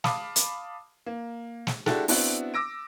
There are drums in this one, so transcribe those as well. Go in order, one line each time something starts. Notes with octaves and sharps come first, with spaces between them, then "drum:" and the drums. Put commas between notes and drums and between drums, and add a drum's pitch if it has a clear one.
F5 A5 B5 D6 D#6, drum: snare
drum: hi-hat
A#3
drum: snare
G#3 D4 E4 F#4 G4 A4, drum: snare
B3 C4 D4 E4 F#4, drum: open hi-hat
D6 E6 A#6 D7